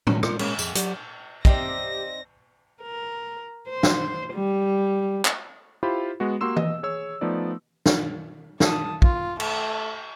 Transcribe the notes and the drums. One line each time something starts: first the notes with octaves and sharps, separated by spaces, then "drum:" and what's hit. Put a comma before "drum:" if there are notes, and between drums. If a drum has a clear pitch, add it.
D#3 F3 F#3 C#4 F#4, drum: tom
F4 A#4 C5 D5, drum: rim click
G#3 A#3 C#4, drum: cymbal
F2 G#4, drum: tambourine
F#3 G4 C5 D5 F#5, drum: hi-hat
C4 D#4 G4 D5 E5 F5 G5 A#6, drum: kick
A#4
C5
drum: snare
G3
drum: clap
E4 F4 G4 C5 B5
G#3 B3 F#4
A#3 F#4 G4 C6 E6 E7
D#5, drum: tom E3
G#4 C#5 E6
F3 A3 B3 D#4 D5
drum: snare
A5 D#6, drum: snare
F4, drum: kick
A3, drum: cymbal